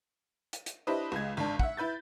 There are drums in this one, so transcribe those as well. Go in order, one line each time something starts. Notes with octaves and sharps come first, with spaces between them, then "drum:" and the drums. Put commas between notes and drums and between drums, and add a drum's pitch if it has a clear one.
drum: hi-hat
drum: hi-hat
D4 E4 G4 B4 C5 D#5
C#2 G#3 G#6
G#1 D4
E5 F#5, drum: kick
E4 B4 G6 A6